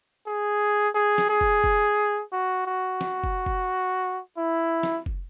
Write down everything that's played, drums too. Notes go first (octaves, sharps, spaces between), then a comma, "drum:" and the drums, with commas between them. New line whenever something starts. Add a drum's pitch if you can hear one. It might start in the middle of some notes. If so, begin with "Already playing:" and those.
G#4
G#4
drum: snare
G#4
drum: kick
drum: kick
F#4
F#4
drum: snare
drum: kick
drum: kick
E4
drum: snare
drum: kick